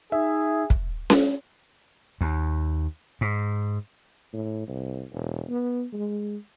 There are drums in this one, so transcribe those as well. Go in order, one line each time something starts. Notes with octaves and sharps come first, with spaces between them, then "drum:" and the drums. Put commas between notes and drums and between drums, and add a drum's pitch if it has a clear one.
D#4 G#4 E5
drum: kick
drum: snare C#4
D#2
G#2
A2
C2
E1
B3
G#3